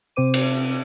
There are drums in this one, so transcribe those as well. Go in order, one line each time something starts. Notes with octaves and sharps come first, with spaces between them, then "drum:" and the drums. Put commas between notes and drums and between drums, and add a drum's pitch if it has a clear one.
C3 C4 C5 D6 D#7
drum: cymbal